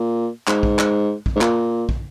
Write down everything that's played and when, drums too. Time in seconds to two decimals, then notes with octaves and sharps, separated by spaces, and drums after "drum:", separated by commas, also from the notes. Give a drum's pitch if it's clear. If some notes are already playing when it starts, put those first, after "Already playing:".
Already playing: A#2
0.47 G#2, drum: clap
0.63 drum: kick
0.79 drum: clap
1.26 drum: kick
1.36 G#2
1.41 A#2, drum: clap
1.89 drum: kick